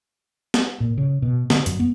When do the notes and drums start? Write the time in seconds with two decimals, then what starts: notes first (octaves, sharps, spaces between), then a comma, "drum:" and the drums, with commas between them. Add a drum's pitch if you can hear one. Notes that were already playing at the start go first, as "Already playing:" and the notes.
0.54 drum: snare
0.80 A#2
0.98 C#3
1.22 B2
1.50 D3, drum: snare
1.66 F#2, drum: hi-hat
1.80 B3